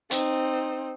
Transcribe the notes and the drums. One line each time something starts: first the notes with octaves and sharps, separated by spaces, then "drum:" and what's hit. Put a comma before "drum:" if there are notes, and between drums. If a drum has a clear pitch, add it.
C4 D#4, drum: hi-hat